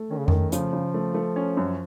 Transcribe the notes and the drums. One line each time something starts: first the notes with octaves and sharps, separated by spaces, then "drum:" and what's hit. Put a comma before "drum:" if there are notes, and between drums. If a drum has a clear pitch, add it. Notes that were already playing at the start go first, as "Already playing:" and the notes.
Already playing: A3
D#3 C#4
C#3
D#3 A3, drum: tom F2
C#3 F3, drum: hi-hat
C#3
A3
A3
C#4
F#2